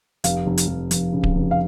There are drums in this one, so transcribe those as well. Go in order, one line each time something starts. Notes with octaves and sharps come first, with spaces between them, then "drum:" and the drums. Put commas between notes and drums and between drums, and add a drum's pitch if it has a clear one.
F1 F5, drum: hi-hat
F1
drum: hi-hat
F1
F1, drum: hi-hat
C#3
drum: kick D1
F1
F5